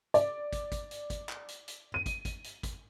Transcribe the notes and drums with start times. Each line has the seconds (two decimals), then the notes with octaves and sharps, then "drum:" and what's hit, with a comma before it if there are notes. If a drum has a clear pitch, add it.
0.14 D5, drum: hi-hat
0.53 drum: kick, hi-hat
0.72 drum: kick, hi-hat
0.91 drum: hi-hat
1.10 drum: kick, hi-hat
1.29 drum: clap
1.48 drum: hi-hat
1.68 drum: hi-hat
1.94 D#7
2.06 drum: kick, hi-hat
2.25 drum: kick, hi-hat
2.44 drum: hi-hat
2.63 drum: kick, hi-hat